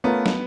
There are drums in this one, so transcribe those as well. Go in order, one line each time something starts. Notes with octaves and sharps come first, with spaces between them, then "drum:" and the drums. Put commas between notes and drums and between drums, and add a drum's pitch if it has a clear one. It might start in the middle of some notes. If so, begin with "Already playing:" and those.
A3 B3 C#4 F4 A#4
drum: snare